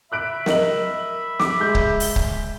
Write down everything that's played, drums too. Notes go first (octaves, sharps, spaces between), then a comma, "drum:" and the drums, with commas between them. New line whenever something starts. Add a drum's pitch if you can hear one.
E5 B5 E6 F#6 D7
A#4 D#5 F#7, drum: snare
D6, drum: snare
G#3 D6 G6
drum: kick C#1
drum: open hi-hat
drum: kick C#1